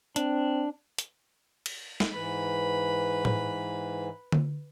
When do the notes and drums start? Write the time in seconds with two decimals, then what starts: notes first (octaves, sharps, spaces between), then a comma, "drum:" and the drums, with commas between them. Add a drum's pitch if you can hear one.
0.16 C4 D4, drum: hi-hat
0.98 drum: hi-hat
1.66 drum: cymbal
2.00 drum: snare
2.13 G#2 E3 B4 B5
3.25 drum: tom A2
4.32 drum: tom D3